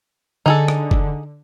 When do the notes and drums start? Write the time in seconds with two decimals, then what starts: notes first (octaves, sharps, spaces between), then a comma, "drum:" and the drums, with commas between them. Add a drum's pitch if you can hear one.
0.46 D3 D#4 G#4 A4
0.68 drum: rim click
0.91 drum: kick F#1